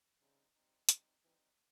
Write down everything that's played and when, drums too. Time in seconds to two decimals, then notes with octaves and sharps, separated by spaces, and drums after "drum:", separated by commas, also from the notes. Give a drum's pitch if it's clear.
0.20 C#3 G3 C4 D#4
0.55 G3 C4 D#4
0.89 C#3 G3 C4 D#4, drum: hi-hat
1.23 E3 G3 C4 D#4